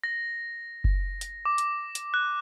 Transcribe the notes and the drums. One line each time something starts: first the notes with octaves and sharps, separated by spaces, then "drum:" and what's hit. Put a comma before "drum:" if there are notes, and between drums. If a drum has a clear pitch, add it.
A#6
drum: kick F#1
drum: hi-hat
D6
drum: hi-hat
drum: hi-hat
F#6